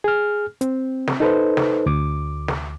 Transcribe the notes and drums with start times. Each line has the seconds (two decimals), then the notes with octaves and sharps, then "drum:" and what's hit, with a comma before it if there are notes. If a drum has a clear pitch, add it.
0.04 G#4 F6
0.61 C4, drum: hi-hat
1.07 drum: snare
1.20 D#4 A4 B4 C5
1.57 drum: snare
1.86 D2 D6
2.48 drum: snare